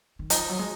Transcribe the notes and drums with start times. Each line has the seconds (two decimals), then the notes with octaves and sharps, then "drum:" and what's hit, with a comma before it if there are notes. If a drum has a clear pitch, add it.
0.19 D#3
0.30 F3 D#4, drum: hi-hat
0.49 F#3
0.59 G#3